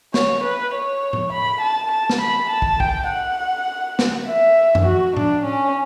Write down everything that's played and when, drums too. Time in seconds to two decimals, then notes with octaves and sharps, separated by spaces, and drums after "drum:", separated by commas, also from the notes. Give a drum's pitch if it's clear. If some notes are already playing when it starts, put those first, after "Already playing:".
0.14 C#5, drum: snare
0.44 B4
0.74 C#5
1.13 drum: tom A2
1.33 B5
1.62 A5
1.92 A5
2.09 drum: snare
2.21 B5
2.50 A5
2.62 drum: kick
2.80 G5, drum: kick
3.09 F#5
3.99 drum: snare
4.28 E5
4.75 drum: tom F#2
4.86 F#4
5.17 D4, drum: tom A2
5.45 C#4